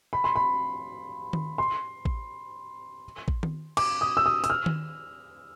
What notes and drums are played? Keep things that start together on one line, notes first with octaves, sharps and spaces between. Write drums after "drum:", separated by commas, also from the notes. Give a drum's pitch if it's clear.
B5
C6
B5
drum: tom D#3
C6
drum: kick A1
drum: kick A1
drum: tom D#3
D6, drum: cymbal
D#6
E6
D#6
E6, drum: hi-hat
F6
drum: tom D#3